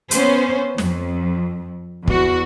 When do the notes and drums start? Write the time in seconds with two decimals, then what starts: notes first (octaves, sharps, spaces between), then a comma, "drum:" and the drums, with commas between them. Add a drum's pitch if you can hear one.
0.11 B3 C#4 C5, drum: hi-hat
0.78 F2, drum: snare
2.07 E2 F#4, drum: kick